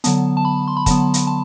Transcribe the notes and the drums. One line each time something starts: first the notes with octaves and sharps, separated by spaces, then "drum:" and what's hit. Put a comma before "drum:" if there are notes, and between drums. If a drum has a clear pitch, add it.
D3 F#3 B3 A5, drum: hi-hat
A5
B5
C6
B5
D3 F#3 B3 A5, drum: kick, hi-hat
drum: hi-hat
A5